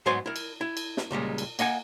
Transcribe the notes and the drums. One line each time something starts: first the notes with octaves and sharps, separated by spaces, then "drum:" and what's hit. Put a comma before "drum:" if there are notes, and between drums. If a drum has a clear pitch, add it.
G#2 F#3 B3 C5 G#5 C6
E4 A#4
drum: cymbal
E4
drum: cymbal
drum: snare
C#2 A#2 G3 G#3
drum: cymbal
A#3 D#5 F#5 G#5, drum: cymbal